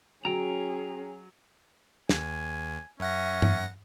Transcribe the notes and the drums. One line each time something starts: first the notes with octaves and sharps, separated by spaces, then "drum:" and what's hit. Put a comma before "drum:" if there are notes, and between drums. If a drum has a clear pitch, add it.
F#3 C#4 G#4 G5 A#5
D#2 G#5, drum: snare
F#2 C#4 E5 F#5 A#6
drum: tom G2